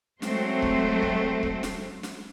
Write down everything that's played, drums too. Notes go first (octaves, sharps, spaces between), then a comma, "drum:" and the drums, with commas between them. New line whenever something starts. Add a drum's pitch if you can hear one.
F#3 G#3 A3 C4 C5, drum: snare
drum: kick C#1
drum: kick C#1
drum: kick C#1
drum: snare
drum: snare